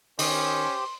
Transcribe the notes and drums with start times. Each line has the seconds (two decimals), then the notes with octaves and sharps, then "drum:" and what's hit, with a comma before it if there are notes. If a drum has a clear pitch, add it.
0.19 D#3 C#4 G4 C5 C6, drum: open hi-hat